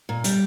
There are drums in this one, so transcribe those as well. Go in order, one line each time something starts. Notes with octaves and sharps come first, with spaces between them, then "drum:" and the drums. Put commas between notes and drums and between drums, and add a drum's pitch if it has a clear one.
A#2
G3, drum: hi-hat